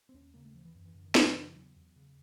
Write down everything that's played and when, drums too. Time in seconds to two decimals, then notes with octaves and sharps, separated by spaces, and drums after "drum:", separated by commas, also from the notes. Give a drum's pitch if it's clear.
0.09 C4
0.14 D#2 C#4
0.34 C#3 A#3
0.45 A3
0.55 D#2 F3
0.65 E3
0.75 F#2
0.85 E3
0.95 F#2 D3
1.05 D#3
1.15 F#2 E3, drum: snare
1.26 D#3
1.35 C#3 E3
1.45 F3
1.55 E2 F#3
1.76 E2
1.96 C#3